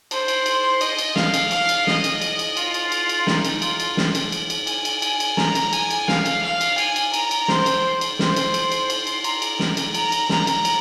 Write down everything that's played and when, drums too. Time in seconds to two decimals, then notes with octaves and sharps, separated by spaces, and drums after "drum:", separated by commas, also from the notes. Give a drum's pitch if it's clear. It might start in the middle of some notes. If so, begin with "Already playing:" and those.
0.11 C5, drum: cymbal
0.28 drum: cymbal
0.46 drum: cymbal
0.81 D#5, drum: cymbal
0.99 drum: cymbal
1.16 F5, drum: snare
1.34 drum: cymbal
1.51 F5, drum: cymbal
1.69 drum: cymbal
1.87 D#5, drum: snare
2.04 drum: cymbal
2.22 drum: cymbal
2.39 drum: cymbal
2.57 F4, drum: cymbal
2.74 drum: cymbal
2.92 drum: cymbal
3.09 drum: cymbal
3.27 D#4, drum: snare
3.45 drum: cymbal
3.62 F4, drum: cymbal
3.80 drum: cymbal
3.97 drum: snare
4.15 drum: cymbal
4.32 drum: cymbal
4.50 drum: cymbal
4.67 G#5, drum: cymbal
4.85 drum: cymbal
5.02 G#5, drum: cymbal
5.20 drum: cymbal
5.37 A#5, drum: snare
5.55 drum: cymbal
5.73 G#5, drum: cymbal
5.91 drum: cymbal
6.08 F5, drum: snare
6.26 drum: cymbal
6.43 F5
6.61 drum: cymbal
6.78 G#5, drum: cymbal
6.96 drum: cymbal
7.14 A#5, drum: cymbal
7.31 drum: cymbal
7.48 C5, drum: snare
7.66 drum: cymbal
8.01 drum: cymbal
8.19 C5, drum: snare
8.36 drum: cymbal
8.54 drum: cymbal
8.72 drum: cymbal
8.90 C6, drum: cymbal
9.07 drum: cymbal
9.24 A#5, drum: cymbal
9.42 drum: cymbal
9.59 drum: snare
9.77 drum: cymbal
9.95 A#5, drum: cymbal
10.12 drum: cymbal
10.29 A#5, drum: snare
10.47 drum: cymbal
10.65 drum: cymbal